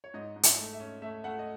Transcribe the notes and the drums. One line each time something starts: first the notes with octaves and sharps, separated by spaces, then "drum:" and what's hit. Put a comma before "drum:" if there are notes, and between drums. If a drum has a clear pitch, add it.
C#5
G#2 D#5
G#2
E5, drum: hi-hat
A3
E5
C#4
A3 E5
A3 F#5
D#5